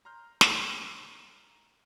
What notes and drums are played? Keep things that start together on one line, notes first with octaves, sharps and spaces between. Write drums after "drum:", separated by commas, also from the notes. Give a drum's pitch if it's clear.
A#5 C6 F6 G6
drum: snare